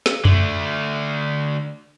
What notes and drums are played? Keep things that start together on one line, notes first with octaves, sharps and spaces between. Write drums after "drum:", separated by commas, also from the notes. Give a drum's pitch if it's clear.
drum: snare
D3 A3, drum: tom F2